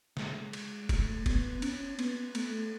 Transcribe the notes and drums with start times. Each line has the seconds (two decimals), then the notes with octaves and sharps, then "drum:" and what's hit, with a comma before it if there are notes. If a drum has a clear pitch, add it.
0.17 G#3, drum: snare
0.53 drum: cymbal
0.89 A3, drum: kick, cymbal
1.26 B3, drum: kick, cymbal
1.62 C#4, drum: cymbal
1.99 B3, drum: cymbal
2.35 A3, drum: cymbal